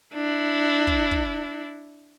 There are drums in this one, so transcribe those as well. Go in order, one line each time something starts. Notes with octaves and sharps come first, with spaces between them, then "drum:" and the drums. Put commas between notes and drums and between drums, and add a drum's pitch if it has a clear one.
D4 E4
drum: kick
drum: kick